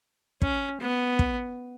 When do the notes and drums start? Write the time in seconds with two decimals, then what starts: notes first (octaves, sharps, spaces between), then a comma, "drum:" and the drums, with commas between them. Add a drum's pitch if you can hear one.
0.42 C#4, drum: kick
0.81 B3
1.19 drum: kick